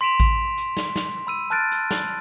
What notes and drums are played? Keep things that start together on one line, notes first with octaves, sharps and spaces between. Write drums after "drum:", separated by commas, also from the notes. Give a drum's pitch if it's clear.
C6 B6 D7 E7 F7
drum: kick A1, hi-hat
drum: hi-hat
drum: snare
drum: snare
B5 E6 D#7
A5 F6 F#6 A6 D7
drum: hi-hat
drum: snare